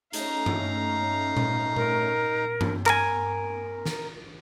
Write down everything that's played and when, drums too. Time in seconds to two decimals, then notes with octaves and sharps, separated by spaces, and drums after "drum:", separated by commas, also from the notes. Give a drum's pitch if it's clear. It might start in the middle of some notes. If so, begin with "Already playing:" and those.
0.13 A3 C#4 D#4 F5 A#5, drum: hi-hat
0.46 drum: tom
1.37 drum: tom A#2
1.76 A#4, drum: tom A#2
2.61 drum: tom
2.86 A#4 G#5, drum: clap
3.86 drum: snare